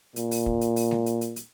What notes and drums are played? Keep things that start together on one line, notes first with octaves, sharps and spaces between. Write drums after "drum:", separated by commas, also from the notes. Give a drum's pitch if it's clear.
A#2, drum: hi-hat
drum: open hi-hat
drum: kick
drum: hi-hat
drum: open hi-hat
drum: snare G#3
drum: hi-hat
drum: hi-hat
drum: hi-hat